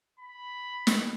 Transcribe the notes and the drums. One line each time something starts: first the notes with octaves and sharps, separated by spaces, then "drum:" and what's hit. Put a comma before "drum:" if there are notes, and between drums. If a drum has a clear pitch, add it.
B5
drum: snare